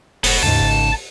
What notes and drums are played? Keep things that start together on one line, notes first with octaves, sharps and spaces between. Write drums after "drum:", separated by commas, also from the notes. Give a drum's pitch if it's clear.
F1 G#2 B3 F#4, drum: open hi-hat
D#2 G#2 C#3 A5
G#1